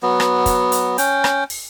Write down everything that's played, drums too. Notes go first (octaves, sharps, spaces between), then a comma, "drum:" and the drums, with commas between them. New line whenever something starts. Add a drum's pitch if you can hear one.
F#3 B3
drum: rim click
drum: kick, hi-hat
drum: hi-hat
C#4 G5, drum: hi-hat
drum: rim click
drum: open hi-hat